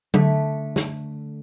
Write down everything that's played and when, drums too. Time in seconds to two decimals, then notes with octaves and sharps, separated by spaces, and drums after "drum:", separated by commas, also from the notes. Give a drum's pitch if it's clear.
0.14 D3 A3 B6, drum: tom F#3
0.76 drum: snare